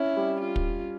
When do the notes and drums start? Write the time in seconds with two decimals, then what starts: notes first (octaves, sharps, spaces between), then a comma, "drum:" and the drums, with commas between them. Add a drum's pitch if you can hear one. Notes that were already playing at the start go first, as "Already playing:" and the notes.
Already playing: C#4 E4
0.16 G3
0.40 F4
0.56 drum: kick